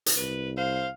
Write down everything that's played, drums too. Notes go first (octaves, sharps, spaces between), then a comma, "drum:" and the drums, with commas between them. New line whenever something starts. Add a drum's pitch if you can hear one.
drum: hi-hat
C2 B4
C5 F5